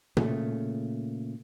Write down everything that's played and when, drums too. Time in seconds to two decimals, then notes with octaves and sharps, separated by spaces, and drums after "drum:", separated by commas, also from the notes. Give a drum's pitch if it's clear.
0.17 A#2 C#3 A3, drum: tom B2